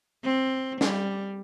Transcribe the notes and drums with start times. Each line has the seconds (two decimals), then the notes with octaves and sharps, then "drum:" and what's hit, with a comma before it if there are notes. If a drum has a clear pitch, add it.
0.24 C4
0.81 G3, drum: snare